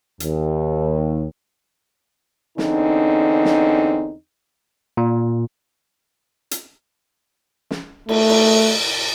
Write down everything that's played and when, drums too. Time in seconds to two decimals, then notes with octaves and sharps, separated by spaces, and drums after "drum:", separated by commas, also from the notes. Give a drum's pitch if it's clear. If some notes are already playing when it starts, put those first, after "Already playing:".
0.20 D#2, drum: hi-hat
2.58 E2 D3 C4 C#4 D#4, drum: snare
3.45 drum: snare
4.97 A#2
6.51 drum: hi-hat
7.71 drum: snare
8.09 A3, drum: cymbal
8.29 drum: cymbal